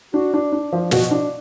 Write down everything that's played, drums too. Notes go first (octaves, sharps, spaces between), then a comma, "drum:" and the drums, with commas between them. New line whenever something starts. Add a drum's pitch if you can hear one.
D4 F#4
D4
D4
F3
B2 F#4, drum: snare
D4